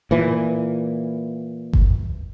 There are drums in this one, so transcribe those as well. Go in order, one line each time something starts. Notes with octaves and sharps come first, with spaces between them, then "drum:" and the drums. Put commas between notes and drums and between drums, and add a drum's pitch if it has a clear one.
A#2 E3
drum: kick G1